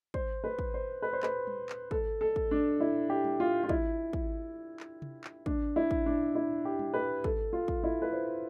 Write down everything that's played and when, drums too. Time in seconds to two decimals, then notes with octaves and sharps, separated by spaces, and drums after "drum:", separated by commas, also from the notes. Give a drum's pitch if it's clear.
0.14 C5, drum: kick
0.44 B4
0.59 drum: kick
0.74 C5
1.02 B4
1.13 C5
1.23 B4, drum: clap
1.47 drum: tom G3
1.69 drum: clap
1.91 A4, drum: kick
2.21 A4
2.36 drum: kick
2.51 D4
2.80 E4
3.09 G4
3.25 drum: tom G3
3.40 F4
3.64 F4
3.69 E4, drum: kick
4.13 drum: kick
4.80 drum: clap
5.02 drum: tom C3
5.24 drum: clap
5.46 D4, drum: kick
5.76 E4
5.91 drum: kick
6.06 D4
6.35 E4
6.65 G4
6.79 drum: tom G3
6.94 B4
7.24 A4, drum: kick
7.53 F4
7.68 drum: kick
7.83 E4
8.02 B4
8.13 C5